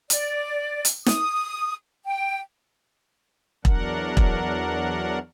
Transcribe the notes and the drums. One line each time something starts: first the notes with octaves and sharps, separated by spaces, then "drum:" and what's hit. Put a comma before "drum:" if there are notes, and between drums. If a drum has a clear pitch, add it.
D5, drum: hi-hat
drum: hi-hat
D#6, drum: snare
G5
E2 F#3 D4 A#4 F#5, drum: kick E1
drum: kick E1